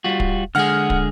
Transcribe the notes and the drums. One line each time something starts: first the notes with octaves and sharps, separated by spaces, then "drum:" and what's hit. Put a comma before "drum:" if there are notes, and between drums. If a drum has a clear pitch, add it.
G3 F4 F#4
drum: kick
D3 G#3 G#4 F#5 F6
drum: kick